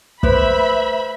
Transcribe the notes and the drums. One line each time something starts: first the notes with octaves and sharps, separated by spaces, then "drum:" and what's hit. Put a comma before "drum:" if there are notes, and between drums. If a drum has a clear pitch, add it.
A3 B4 C5 E5 B5, drum: kick